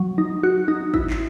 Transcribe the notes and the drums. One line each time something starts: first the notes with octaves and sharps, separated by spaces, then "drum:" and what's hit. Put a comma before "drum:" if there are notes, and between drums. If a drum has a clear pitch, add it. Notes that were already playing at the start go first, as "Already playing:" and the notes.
Already playing: F#3
D#4
F#4
D#4
E4, drum: kick G#1
drum: clap